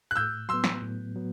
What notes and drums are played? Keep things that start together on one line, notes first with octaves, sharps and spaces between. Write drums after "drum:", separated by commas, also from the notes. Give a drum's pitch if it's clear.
F#6
A2 E6 G6
F#3 B3 C6 E6
drum: snare
A2
F#3 B3